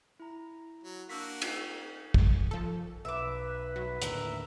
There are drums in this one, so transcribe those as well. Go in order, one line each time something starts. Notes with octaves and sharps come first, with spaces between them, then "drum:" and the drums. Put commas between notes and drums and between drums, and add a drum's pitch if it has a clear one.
E4 A#5
F#3
A#3 D4 F#4 E6 B6
drum: cymbal
drum: kick
F3 A4
B1 B4 E5 D6
F#3
D#2 A2 D3 A#4 E5, drum: hi-hat